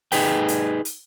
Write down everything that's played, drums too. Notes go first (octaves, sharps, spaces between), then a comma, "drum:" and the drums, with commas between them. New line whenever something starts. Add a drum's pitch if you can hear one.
D#4 G#4 B4 G5, drum: open hi-hat
drum: hi-hat
drum: hi-hat